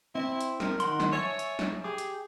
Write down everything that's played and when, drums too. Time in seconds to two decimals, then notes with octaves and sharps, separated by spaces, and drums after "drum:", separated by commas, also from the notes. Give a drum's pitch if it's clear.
0.15 C4 E4
0.41 drum: hi-hat
0.60 A#4, drum: snare
0.80 D#3 F#5 C6, drum: hi-hat
1.00 drum: snare
1.12 C#5 E5 G#5 A5
1.39 drum: hi-hat
1.59 drum: snare
1.84 G4 G#4 D6
1.98 drum: hi-hat